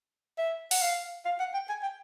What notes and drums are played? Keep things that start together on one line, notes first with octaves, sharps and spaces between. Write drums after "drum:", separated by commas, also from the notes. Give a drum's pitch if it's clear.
E5
F#5, drum: open hi-hat
F5
F5
F#5
G5
G#5
G5